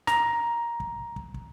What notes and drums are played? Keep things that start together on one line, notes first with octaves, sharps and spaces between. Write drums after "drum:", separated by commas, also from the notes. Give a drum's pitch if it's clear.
A#5, drum: snare
drum: kick
drum: kick
drum: kick